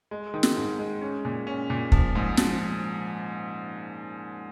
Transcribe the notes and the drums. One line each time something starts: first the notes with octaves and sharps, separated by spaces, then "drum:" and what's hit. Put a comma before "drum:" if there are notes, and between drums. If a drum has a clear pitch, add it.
G#3
D#3
drum: snare
G#2
G#3
C#4
A#2
C#4
A#2
F3, drum: kick
G#2
F3, drum: snare